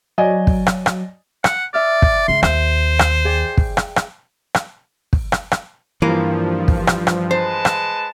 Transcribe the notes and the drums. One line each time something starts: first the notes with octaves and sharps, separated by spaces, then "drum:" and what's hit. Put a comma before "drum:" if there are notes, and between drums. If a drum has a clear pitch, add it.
F#3 D5 D#5 G#5
drum: kick
drum: rim click
drum: rim click
F#5, drum: rim click
D5 E5 F6
drum: kick
C#2 C6
D#2 C5, drum: rim click
drum: rim click
G#4 D5 G5
drum: kick
drum: rim click
drum: rim click
drum: rim click
drum: kick
drum: rim click
drum: rim click
G2 E3 F3 A#3
drum: kick
drum: rim click
drum: rim click
G#3 B4 C5 A5
drum: rim click